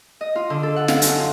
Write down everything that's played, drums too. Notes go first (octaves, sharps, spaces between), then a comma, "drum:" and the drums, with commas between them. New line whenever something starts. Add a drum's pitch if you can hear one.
D#5
F4
D3
A4
F#5
F5, drum: snare
F#2, drum: hi-hat
F4